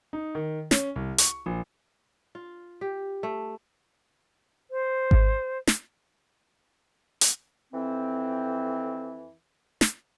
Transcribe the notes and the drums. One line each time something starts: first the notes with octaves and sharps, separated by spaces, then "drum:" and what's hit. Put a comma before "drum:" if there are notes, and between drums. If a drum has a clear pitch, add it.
D#4
D#3
C#4, drum: snare
C2
C#6, drum: hi-hat
A#1
F4
G4
A3
C5
drum: kick G#1
drum: snare
drum: hi-hat
F2 E3 C4
drum: snare